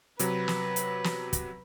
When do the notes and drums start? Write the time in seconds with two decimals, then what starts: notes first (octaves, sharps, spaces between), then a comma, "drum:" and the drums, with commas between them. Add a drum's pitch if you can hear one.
0.19 C3 F#3 B4, drum: hi-hat
0.48 drum: snare
0.76 drum: hi-hat
1.04 drum: snare
1.33 drum: kick, hi-hat